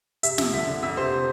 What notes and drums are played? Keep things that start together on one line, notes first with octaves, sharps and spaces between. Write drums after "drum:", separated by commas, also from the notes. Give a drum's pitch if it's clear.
C3 E5, drum: hi-hat
F3 E5, drum: snare
D3 E5
D3
F2 E5
C3 C5